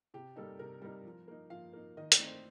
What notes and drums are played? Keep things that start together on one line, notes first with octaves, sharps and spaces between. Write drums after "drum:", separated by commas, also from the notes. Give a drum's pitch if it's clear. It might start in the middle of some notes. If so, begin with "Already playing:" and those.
C3 G4
G3 A#3 D#4 A4
C3 A#4
G3 A#3 D#4
F3
A#3 D#4
F3 F5
A#3 D#4
D#3 D#5
D5, drum: hi-hat
A3 C4 D#4
C5